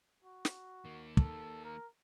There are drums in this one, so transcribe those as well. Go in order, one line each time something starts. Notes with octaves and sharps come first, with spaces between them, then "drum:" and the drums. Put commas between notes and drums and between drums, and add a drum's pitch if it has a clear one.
F#4
drum: snare
D#3 A#3
A4, drum: kick
A#4